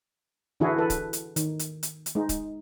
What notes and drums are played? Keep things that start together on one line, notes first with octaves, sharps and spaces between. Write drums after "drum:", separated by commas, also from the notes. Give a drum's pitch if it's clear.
D3 E3 D4 E4 F#4 G#4
A4 B4
drum: kick D1, hi-hat
drum: hi-hat
D#3, drum: hi-hat
drum: hi-hat
drum: hi-hat
drum: hi-hat
G#3 D#4
drum: kick D1, hi-hat